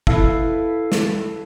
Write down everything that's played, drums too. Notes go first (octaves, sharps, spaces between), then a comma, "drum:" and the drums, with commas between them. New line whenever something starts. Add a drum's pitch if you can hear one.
E4 A4 B4 F5, drum: kick
drum: snare